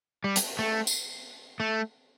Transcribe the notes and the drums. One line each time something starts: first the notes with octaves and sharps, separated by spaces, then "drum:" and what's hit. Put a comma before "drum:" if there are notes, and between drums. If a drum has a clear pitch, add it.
G3
drum: hi-hat
A3
drum: tambourine
A3